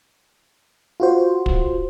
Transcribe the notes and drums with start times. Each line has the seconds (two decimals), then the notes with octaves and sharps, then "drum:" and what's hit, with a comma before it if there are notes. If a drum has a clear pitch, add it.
1.00 F4 F#4 C5
1.46 drum: kick